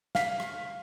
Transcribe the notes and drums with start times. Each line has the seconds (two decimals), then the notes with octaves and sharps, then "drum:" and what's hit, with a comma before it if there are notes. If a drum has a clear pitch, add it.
0.15 F5 B6, drum: snare
0.40 drum: rim click